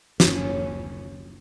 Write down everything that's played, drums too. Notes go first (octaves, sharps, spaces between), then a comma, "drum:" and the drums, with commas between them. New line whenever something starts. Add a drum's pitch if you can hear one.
F#1 C#4, drum: snare